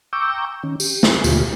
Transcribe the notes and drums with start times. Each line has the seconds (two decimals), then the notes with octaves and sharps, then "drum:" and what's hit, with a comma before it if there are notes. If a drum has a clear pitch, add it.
0.13 G5 A#5 C#6 D6 E6 G6
0.63 D#3 C#4
0.80 G4, drum: tambourine
1.03 drum: snare
1.24 D#2 B2 D3 A3 F4 G4, drum: tambourine